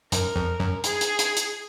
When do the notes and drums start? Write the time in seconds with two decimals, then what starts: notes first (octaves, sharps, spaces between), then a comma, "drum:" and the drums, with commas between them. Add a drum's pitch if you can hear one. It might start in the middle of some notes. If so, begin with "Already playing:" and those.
0.12 F#2 A#4, drum: hi-hat
0.36 F2
0.60 F#2
0.84 G#4, drum: hi-hat
1.01 drum: hi-hat
1.19 drum: hi-hat
1.37 drum: hi-hat